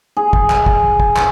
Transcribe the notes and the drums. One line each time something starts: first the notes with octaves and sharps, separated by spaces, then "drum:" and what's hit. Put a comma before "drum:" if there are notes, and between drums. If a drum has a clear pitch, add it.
G#4
drum: kick
drum: clap
drum: kick
drum: kick
drum: clap